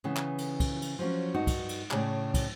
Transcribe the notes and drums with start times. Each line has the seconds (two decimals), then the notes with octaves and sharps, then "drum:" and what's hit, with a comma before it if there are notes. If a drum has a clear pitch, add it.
0.04 C#3 E3 B3
0.17 drum: clap
0.38 drum: cymbal
0.60 drum: kick, cymbal
0.82 drum: cymbal
0.99 F3 F#3 C#4
1.34 G2 D#4 F#4
1.47 drum: kick, cymbal
1.69 drum: cymbal
1.91 A2 C#3 G#4 D5 A5, drum: clap
2.34 drum: kick, cymbal